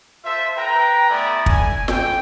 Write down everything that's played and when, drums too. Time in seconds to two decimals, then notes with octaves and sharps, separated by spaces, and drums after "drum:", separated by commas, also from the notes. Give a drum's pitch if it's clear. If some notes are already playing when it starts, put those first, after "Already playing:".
0.24 F4 A4 C5 E5
0.56 B4 G5 A#5
1.09 A3 B3 E4 A4 D5 G#5
1.46 G#5, drum: kick
1.88 G5, drum: snare